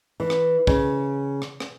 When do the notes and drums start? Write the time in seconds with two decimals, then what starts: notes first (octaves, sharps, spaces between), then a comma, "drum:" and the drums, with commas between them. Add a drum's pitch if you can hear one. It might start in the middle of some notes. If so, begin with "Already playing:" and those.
0.20 E3
0.30 drum: rim click
0.67 C#3, drum: kick
1.42 drum: rim click
1.60 drum: rim click